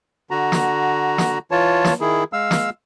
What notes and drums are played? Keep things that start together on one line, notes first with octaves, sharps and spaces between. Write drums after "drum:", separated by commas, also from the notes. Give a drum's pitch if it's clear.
D3 F#4 A#5
drum: snare
drum: snare
E3 F4 C#5 A5
drum: snare
D#3 E4 G#4
G#3 F5 E6
drum: snare